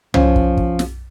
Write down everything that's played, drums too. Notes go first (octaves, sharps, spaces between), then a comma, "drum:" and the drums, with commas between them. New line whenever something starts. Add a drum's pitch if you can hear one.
F3 C#4, drum: tom
drum: kick
drum: kick
drum: snare